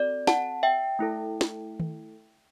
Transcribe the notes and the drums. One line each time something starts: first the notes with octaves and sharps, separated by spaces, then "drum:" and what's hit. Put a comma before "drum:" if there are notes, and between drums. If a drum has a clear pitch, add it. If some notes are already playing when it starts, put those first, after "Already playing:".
Already playing: C4 F#4 A4 D5
F#5 A5, drum: snare
E5 G5
A3 E4 A4
drum: snare
drum: tom D#3